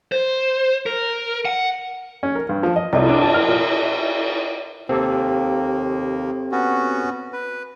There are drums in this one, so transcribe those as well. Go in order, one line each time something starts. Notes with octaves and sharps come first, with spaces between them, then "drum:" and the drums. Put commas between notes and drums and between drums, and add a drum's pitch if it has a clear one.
C5
A#4
F#5
C#4
A#4
G2
F3
D#5
C2, drum: cymbal
D4
A5
F6
A#2
D#2 A#3 C4 G4 A4
B3 C#4 F#4
B4